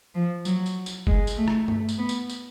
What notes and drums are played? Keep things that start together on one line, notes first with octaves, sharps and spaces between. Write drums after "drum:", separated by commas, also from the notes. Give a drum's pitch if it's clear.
F3
F#3, drum: tambourine
drum: tambourine
drum: tambourine
G#3, drum: kick F#1
drum: tambourine
A3
drum: rim click
A3, drum: tom G2
drum: tambourine
B3
drum: tambourine
drum: tambourine